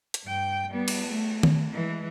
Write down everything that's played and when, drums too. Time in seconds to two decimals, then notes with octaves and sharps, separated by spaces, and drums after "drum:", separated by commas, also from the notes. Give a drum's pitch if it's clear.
0.14 drum: hi-hat
0.24 G2 G5
0.70 G3 B3
0.88 drum: cymbal
1.06 A3
1.43 drum: tom D#3
1.73 E3 G#3